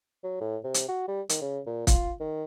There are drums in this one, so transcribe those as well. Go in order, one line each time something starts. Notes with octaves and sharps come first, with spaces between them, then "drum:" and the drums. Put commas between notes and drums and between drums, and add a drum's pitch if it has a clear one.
F#3
A2
C3
drum: hi-hat
F#4
G3
D#3, drum: hi-hat
C#3
A#2
F4, drum: kick, hi-hat
D#3